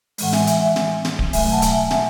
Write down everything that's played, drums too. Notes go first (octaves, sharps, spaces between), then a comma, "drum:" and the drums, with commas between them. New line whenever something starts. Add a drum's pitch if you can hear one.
A2 E3 G#3 F#5, drum: open hi-hat
E5 G#5, drum: snare
E5 G#5, drum: hi-hat
E5 G#5
drum: snare
drum: snare
drum: kick D1
B2 F#3 A3 E5 G#5, drum: open hi-hat
F#5 A5
drum: hi-hat
E5 G#5
E5 G#5, drum: snare